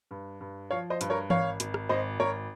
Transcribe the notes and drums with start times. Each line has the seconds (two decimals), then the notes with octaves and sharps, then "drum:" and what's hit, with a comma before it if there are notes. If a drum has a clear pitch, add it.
0.11 G2
0.41 G2
0.71 F3 C#5 F5
0.90 C5 D#5
1.01 G2, drum: hi-hat
1.10 A#4 C#5
1.30 G#1 C#5 F5, drum: tom E3
1.60 G#1, drum: hi-hat
1.74 drum: rim click
1.89 G#1 C5 D#5
2.20 G#1 A#4 C#5